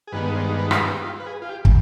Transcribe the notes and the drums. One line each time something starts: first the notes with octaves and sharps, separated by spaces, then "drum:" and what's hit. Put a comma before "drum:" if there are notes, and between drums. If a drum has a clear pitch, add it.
G#4
G2 D#3 G#3 B3 B4
C5
B4
F4, drum: rim click
G4
F4
B4
G#4
F4
G4
drum: kick